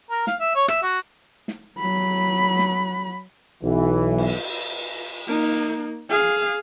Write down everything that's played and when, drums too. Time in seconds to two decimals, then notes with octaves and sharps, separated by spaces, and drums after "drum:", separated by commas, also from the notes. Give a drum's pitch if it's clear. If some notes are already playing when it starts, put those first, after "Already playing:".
0.10 A#4
0.27 F5, drum: snare
0.40 E5
0.55 C#5
0.68 E5, drum: rim click
0.83 F#4
1.48 drum: snare
1.79 F#3 B5
2.59 drum: snare
3.64 B1 E3
4.18 drum: cymbal
5.27 A#3 D#4
6.10 G#4 F5